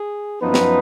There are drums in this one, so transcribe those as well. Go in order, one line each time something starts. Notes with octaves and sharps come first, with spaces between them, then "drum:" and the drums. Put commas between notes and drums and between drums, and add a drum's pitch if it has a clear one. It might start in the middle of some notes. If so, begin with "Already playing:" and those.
Already playing: G#4
F#2 F3 B3 D#4 B4
drum: snare